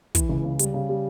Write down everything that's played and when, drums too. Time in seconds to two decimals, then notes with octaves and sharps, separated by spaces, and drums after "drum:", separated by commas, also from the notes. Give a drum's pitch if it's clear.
0.15 E3, drum: kick, hi-hat
0.29 C#2
0.44 C#3
0.59 G3, drum: hi-hat
0.74 C#3
0.89 G3